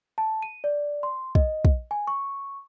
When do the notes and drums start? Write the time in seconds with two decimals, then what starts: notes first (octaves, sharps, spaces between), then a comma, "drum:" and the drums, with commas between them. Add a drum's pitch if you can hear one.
0.18 A5
0.42 D#7
0.64 D5
1.03 C6
1.35 D#5, drum: kick
1.65 drum: kick
1.91 G#5
2.07 C#6